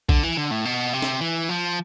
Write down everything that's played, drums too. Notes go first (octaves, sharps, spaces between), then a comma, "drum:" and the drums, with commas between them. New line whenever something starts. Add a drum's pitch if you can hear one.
D3, drum: kick
E3
D3
A2
B2
C3
drum: snare
E3
F3